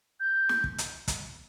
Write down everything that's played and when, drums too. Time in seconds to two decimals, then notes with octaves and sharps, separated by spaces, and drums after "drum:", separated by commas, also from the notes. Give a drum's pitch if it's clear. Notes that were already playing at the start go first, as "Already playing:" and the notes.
0.20 G6
0.49 drum: snare
0.64 drum: kick
0.78 drum: hi-hat
1.08 drum: kick, hi-hat